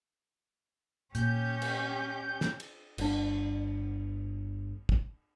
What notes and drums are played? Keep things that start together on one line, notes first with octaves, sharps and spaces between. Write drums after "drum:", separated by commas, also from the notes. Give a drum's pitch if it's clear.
A#2 C#4 G4 G6, drum: hi-hat
drum: cymbal
drum: snare
drum: cymbal
G1 D4, drum: cymbal
drum: kick